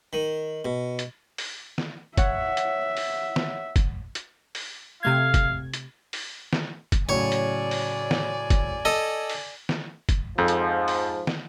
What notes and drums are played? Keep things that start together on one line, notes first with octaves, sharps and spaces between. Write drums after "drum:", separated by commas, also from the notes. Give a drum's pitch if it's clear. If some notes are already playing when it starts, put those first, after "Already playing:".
D#3
B2
drum: hi-hat
drum: open hi-hat
drum: snare
C#5 E5 F#5, drum: kick, hi-hat
drum: hi-hat
drum: open hi-hat
drum: snare
drum: kick, hi-hat
drum: hi-hat
drum: open hi-hat
C3 A3 F5 G#6
drum: kick, hi-hat
drum: hi-hat
drum: open hi-hat
drum: snare
drum: kick, hi-hat
A2 C#3 F#3 C#5 D5 G#5
drum: hi-hat
drum: open hi-hat
drum: snare
drum: kick, hi-hat
A4 D#5
drum: open hi-hat
drum: snare
drum: kick, hi-hat
F2 G#2 F3
drum: hi-hat
drum: open hi-hat
drum: snare